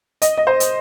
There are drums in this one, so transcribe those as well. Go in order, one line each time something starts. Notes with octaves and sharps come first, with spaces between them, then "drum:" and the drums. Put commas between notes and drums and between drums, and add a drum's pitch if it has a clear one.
D#5, drum: hi-hat
D#5
C5
drum: hi-hat